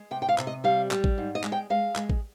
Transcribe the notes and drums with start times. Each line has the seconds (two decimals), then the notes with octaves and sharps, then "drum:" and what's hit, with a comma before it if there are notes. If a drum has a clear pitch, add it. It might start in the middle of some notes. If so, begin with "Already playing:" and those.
Already playing: G#3
0.11 C3 G5
0.22 G5
0.29 F5
0.38 C3, drum: clap
0.47 D#5
0.64 G3 F5
0.91 G3, drum: clap
1.04 drum: kick A1
1.18 G#2
1.35 D#5
1.44 G#3, drum: clap
1.52 G5
1.70 G#3 F5
1.96 G#3, drum: clap
2.10 drum: kick A1